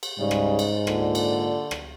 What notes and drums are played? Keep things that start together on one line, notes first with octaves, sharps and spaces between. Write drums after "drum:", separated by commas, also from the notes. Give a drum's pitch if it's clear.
drum: cymbal
G#2 C#3 G3
drum: rim click
drum: cymbal
A#2 D3, drum: rim click
drum: cymbal
drum: rim click